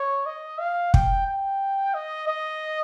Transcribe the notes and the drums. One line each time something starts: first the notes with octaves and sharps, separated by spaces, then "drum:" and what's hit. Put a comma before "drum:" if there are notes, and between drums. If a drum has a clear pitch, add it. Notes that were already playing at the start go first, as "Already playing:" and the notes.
Already playing: C#5
D#5
F5
G5, drum: kick
G5
D#5
D#5